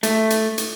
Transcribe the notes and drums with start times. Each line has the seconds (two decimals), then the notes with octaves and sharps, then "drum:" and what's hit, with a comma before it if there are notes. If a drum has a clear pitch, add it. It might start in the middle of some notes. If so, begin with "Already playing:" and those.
0.03 A3, drum: hi-hat
0.30 drum: hi-hat
0.58 drum: hi-hat